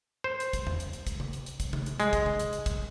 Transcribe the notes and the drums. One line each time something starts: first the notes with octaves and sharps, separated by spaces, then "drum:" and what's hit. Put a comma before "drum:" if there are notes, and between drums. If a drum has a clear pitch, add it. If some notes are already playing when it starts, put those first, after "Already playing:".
C5
drum: hi-hat
drum: kick, hi-hat
drum: tom E2
drum: hi-hat
drum: hi-hat
drum: kick, hi-hat
drum: tom C3
drum: hi-hat
drum: hi-hat
drum: kick, hi-hat
drum: tom C3
drum: hi-hat
G#3, drum: hi-hat
drum: kick, hi-hat
drum: tom C3
drum: hi-hat
drum: hi-hat
drum: kick, hi-hat